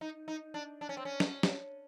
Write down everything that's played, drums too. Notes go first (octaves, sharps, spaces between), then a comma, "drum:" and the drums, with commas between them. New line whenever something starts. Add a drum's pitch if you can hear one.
D#4
D#4
D4
D4
C#4
C4
C#4
drum: snare
drum: snare